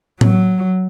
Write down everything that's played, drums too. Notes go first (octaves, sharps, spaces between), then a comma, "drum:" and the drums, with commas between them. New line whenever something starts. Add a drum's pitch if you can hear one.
F#3, drum: tom A2